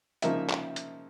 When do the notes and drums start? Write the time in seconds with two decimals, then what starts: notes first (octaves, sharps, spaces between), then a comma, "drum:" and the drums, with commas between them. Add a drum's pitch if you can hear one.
0.22 C#3 F3 A#3 D#4 E5, drum: hi-hat
0.49 drum: clap
0.76 drum: hi-hat